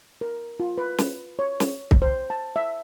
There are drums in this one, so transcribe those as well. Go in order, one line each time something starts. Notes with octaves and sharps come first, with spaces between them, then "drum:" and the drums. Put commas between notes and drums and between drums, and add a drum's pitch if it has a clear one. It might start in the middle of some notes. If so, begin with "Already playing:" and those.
A#4
F4
B4
drum: snare
C#5
drum: snare
drum: kick
C5
A5
E5